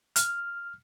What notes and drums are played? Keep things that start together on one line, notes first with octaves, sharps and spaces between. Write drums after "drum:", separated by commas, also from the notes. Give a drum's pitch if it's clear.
F6, drum: hi-hat